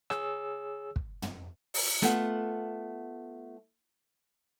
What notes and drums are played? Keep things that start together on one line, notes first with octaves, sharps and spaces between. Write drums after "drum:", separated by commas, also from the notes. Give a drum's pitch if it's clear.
G#4 C#5 E6, drum: rim click
drum: kick
drum: tom
drum: open hi-hat
A3 B3 F4 F#5, drum: snare